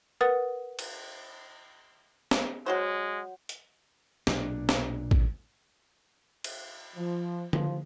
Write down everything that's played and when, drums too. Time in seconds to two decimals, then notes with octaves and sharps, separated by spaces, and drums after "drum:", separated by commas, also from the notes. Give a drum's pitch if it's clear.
0.21 A#4 B4 F#5 D#6 A6
0.79 drum: cymbal
2.31 drum: snare
2.66 F#3 G#3 F#4 C5
3.49 drum: hi-hat
4.27 B1 A#2 G3 D4, drum: snare
4.69 drum: snare
5.11 drum: kick A1
6.44 drum: cymbal
6.96 F3
7.53 F3, drum: tom D3